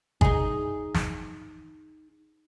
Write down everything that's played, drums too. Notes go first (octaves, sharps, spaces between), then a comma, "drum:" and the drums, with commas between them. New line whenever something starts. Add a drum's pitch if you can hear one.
D#4 G#4, drum: kick G#1
drum: snare